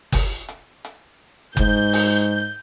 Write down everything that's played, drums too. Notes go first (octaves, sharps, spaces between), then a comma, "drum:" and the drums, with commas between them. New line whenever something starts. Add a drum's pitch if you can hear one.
drum: kick F#1, open hi-hat
drum: hi-hat
drum: hi-hat
G#2 G6, drum: kick F#1, hi-hat
drum: open hi-hat